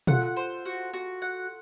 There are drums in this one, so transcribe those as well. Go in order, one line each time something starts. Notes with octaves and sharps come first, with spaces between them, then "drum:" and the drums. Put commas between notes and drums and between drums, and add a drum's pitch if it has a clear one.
F4 A4 F#5, drum: tom B2
C5
F#4
F#4
F#5